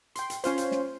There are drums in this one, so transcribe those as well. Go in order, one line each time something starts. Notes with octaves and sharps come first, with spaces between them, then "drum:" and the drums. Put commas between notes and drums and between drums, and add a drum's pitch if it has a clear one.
G5 C6, drum: hi-hat
drum: hi-hat
C#4 F4 C5, drum: hi-hat
drum: hi-hat
drum: snare